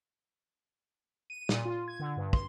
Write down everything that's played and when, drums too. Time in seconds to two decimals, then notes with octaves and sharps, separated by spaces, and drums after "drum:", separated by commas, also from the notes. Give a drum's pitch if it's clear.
1.30 D#7
1.49 A#2, drum: snare
1.65 F4
1.88 G#6
2.00 D3
2.17 G2
2.33 C6, drum: kick